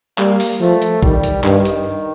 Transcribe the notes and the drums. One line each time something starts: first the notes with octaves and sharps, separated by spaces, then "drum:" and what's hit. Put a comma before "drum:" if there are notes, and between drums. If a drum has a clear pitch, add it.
G3 A#3, drum: clap
drum: open hi-hat
F3 A3
drum: hi-hat
D#3 G3, drum: kick A#1
drum: hi-hat
G2 D#3, drum: clap
drum: hi-hat